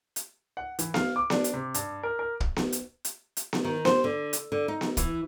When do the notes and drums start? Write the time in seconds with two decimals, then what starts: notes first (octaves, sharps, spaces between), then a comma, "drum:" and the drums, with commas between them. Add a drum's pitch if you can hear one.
0.16 drum: hi-hat
0.57 F#5
0.79 E3, drum: hi-hat
0.94 F5, drum: snare B3
1.16 D6
1.30 D4, drum: snare B3
1.44 drum: hi-hat
1.54 C3
1.74 G2, drum: hi-hat
2.03 A#4
2.19 A#4
2.40 drum: kick
2.56 drum: snare B3
2.72 drum: hi-hat
3.05 drum: hi-hat
3.37 drum: hi-hat
3.53 drum: snare B3
3.64 D#3
3.85 C5, drum: snare B3
4.04 D3
4.33 drum: hi-hat
4.52 D3
4.68 D#4
4.81 drum: snare B3
4.97 E3, drum: kick, hi-hat